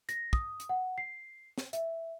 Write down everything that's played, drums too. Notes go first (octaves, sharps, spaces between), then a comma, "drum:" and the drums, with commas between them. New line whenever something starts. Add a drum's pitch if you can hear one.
A#6, drum: hi-hat
D#6, drum: kick
drum: hi-hat
F#5
C7
drum: snare
E5, drum: hi-hat